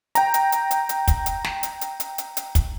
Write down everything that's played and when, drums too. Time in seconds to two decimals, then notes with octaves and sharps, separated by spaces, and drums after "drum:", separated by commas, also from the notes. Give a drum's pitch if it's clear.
0.15 G5 A#5, drum: hi-hat
0.34 drum: hi-hat
0.52 drum: hi-hat
0.71 drum: hi-hat
0.89 drum: hi-hat
1.08 drum: kick, hi-hat
1.26 drum: hi-hat
1.44 drum: snare
1.63 drum: hi-hat
1.81 drum: hi-hat
2.00 drum: hi-hat
2.18 drum: hi-hat
2.37 drum: hi-hat
2.55 drum: kick, hi-hat